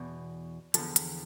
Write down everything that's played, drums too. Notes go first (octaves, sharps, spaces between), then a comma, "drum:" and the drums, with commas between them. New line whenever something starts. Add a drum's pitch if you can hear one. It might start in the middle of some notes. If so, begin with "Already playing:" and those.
Already playing: E2 B2
E2 D3 F3 A4, drum: hi-hat
drum: hi-hat